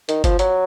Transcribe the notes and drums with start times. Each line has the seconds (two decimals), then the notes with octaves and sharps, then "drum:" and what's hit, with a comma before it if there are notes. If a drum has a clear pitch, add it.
0.09 D#3, drum: hi-hat
0.24 F3, drum: kick G1, hi-hat
0.39 F#3, drum: hi-hat